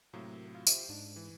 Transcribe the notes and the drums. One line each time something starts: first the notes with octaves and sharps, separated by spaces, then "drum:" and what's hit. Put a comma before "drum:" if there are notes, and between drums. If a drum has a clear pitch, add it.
A2 C3 F#3 A#3
F4
G4 C5 E5, drum: tambourine
G#2 D4
E3